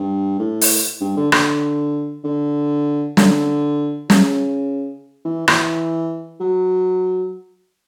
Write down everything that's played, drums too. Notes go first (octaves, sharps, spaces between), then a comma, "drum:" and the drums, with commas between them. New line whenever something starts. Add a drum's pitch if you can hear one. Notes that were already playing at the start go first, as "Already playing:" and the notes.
Already playing: G2
A2
drum: open hi-hat
G2
D3
D3, drum: rim click
D3
D3, drum: snare
C#3, drum: snare
E3
E3, drum: rim click
F#3